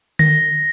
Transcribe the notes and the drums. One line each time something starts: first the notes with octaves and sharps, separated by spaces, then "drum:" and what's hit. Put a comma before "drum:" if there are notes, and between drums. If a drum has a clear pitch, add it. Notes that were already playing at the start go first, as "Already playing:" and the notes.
A#6, drum: tom D3